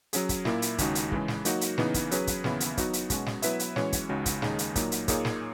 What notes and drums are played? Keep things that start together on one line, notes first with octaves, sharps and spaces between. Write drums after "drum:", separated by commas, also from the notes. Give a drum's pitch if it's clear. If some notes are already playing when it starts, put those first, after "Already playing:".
F#3 C#4 G#4, drum: hi-hat
drum: kick, hi-hat
A#2 A#3 E4, drum: snare
drum: hi-hat
D#2 C#3 G#3 D#4 F#4, drum: kick, hi-hat
drum: hi-hat
C#3 E3 G#3, drum: kick
drum: snare
F#3 A#3 D#4 F#4, drum: hi-hat
drum: hi-hat
C#3 E3 B3 D#4, drum: snare
drum: kick, hi-hat
F#3 C#4 G#4 B4, drum: hi-hat
drum: kick, hi-hat
D#2 C#3 E3 B3 E4, drum: snare
drum: hi-hat
F#3 B3 D#4 F#4, drum: kick, hi-hat
drum: hi-hat
B2 G#3 C#4 F#4, drum: kick, hi-hat
drum: snare
F#3 B3 E4 B4 E5, drum: hi-hat
drum: hi-hat
E3 G#3 C#4 F#4 C#5, drum: snare
drum: kick, hi-hat
C#2 C#3 G#3 D#4 F#4
drum: kick, hi-hat
D#2 C#3 G#3 D#4, drum: snare
drum: hi-hat
A#2 F#3 A#3 D#4, drum: kick, hi-hat
drum: hi-hat
A#2 A#3 D#4 G#4 C#5, drum: kick, hi-hat
drum: snare